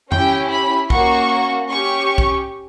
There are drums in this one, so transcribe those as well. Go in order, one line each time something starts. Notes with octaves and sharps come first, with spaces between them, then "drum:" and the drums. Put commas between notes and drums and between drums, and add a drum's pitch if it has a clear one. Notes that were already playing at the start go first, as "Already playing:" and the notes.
C#4 E4 G4 G5, drum: tom F2
B5
A#3 C#4 F#4 C#6, drum: kick B1
C#4 G4 C#6
drum: kick B1